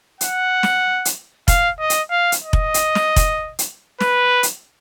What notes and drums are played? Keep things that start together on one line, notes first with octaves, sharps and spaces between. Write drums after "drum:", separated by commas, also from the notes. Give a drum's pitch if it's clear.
F#5, drum: hi-hat
drum: snare
drum: hi-hat
F5, drum: kick F1, hi-hat
D#5
drum: hi-hat
F5
drum: hi-hat
D#5
drum: kick F1
drum: hi-hat
drum: snare
drum: kick F1, hi-hat
drum: hi-hat
B4, drum: snare
drum: hi-hat